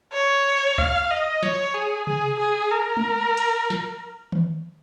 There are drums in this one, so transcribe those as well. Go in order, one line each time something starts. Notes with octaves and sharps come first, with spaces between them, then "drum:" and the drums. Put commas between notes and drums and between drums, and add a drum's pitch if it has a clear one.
C#5
F5, drum: kick C#2
D#5
C#5, drum: snare
G#4
G#4, drum: tom C3
G#4
A#4
drum: tom G#3
drum: cymbal
drum: snare
drum: tom D#3